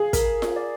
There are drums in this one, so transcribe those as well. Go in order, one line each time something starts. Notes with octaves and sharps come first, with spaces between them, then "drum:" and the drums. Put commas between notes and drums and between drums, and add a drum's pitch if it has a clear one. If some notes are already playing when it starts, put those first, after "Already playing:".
Already playing: G#4 F5
A#4, drum: kick, hi-hat
drum: snare F4
D5